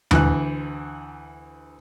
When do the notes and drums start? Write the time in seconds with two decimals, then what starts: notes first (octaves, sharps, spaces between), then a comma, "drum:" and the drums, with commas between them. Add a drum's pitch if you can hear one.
0.11 D2 E3 F#6, drum: tom D#2